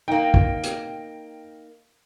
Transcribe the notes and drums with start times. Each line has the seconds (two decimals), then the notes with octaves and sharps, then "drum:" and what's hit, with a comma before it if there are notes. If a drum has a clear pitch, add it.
0.08 A#3 D#4 G5
0.34 drum: kick
0.64 drum: hi-hat